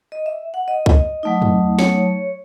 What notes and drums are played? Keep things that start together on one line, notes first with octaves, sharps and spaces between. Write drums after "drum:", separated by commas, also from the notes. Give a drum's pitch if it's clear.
D#5
E5
F#5
D#5
drum: kick
F#3 A3 D#4
drum: tom
C#5, drum: snare